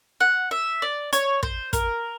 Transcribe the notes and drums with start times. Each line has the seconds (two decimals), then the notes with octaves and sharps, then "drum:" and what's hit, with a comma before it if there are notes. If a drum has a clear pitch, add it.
0.20 F#5
0.51 E5
0.82 D5
1.13 C#5, drum: hi-hat
1.43 C5, drum: kick
1.73 A#4, drum: kick, hi-hat